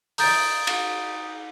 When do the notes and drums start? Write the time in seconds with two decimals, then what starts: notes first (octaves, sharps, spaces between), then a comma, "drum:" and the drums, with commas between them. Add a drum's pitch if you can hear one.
0.18 A#5 D#6 G6 A6 D7, drum: open hi-hat
0.67 drum: cymbal